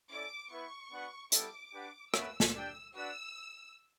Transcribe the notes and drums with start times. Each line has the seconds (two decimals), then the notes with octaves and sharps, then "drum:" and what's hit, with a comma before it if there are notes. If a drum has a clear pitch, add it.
0.10 C#4 E4 A4 D5 D6
0.51 B3 E4 B4 C#6
0.91 B3 D4 F#4 B4 F#5
1.32 G3 B3 E4 A4 D6, drum: hi-hat
1.73 D4 G4 B4 F#5
2.14 A3 C#4 F#4 B4 E5 E6, drum: rim click
2.40 drum: snare
2.54 D4 G4 D5 G5
2.95 D4 F#4 B4 D5 F#5 E6